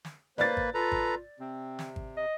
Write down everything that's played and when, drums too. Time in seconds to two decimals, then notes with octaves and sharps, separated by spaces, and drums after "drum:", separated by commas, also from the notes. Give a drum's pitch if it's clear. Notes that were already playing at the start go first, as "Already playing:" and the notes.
0.05 drum: snare
0.38 A#3 B4 C5 D5 A6, drum: snare
0.57 drum: kick G#1
0.74 F4 A4 B4 A#5
0.92 drum: kick G#1
1.40 C3 C4
1.79 drum: snare
1.96 drum: kick G#1
2.17 D#5